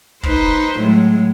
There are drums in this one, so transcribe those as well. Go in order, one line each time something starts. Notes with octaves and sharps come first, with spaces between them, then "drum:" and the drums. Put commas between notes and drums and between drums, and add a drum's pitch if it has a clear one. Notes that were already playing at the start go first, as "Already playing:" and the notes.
D#4 B4 C5, drum: kick
A2 F#3 G#3